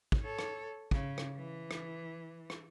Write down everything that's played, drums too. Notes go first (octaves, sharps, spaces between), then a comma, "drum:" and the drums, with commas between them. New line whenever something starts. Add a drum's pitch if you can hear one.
drum: kick
A4 C#5
drum: rim click
C#3, drum: kick
drum: rim click
E3
drum: rim click
drum: rim click